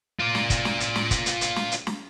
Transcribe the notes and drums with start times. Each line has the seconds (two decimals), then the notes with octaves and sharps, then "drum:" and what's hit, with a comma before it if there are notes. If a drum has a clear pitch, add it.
0.20 F4 D5
0.35 drum: snare
0.50 drum: kick, hi-hat
0.65 drum: snare
0.80 drum: hi-hat
0.96 drum: snare
1.11 drum: kick, hi-hat
1.26 drum: hi-hat
1.41 drum: hi-hat
1.56 drum: snare
1.72 drum: hi-hat
1.87 drum: snare